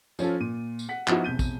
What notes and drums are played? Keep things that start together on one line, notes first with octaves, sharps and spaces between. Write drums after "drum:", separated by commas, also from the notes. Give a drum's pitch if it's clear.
F3 C#4 F4 A4, drum: tambourine
A#2 D#7
drum: tambourine
F#5 B6
F3 B3 D#4 E4 F#4, drum: clap
E1 C3 G6 D#7
drum: kick, tambourine